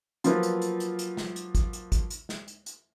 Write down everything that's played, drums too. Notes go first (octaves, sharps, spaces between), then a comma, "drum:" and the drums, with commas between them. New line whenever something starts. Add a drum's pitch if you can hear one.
F3 F#3 A#3 B3 F4, drum: hi-hat
drum: hi-hat
drum: hi-hat
drum: hi-hat
drum: hi-hat
drum: snare
drum: hi-hat
drum: kick G#1, hi-hat
drum: hi-hat
drum: kick G#1, hi-hat
drum: hi-hat
drum: snare
drum: hi-hat
drum: hi-hat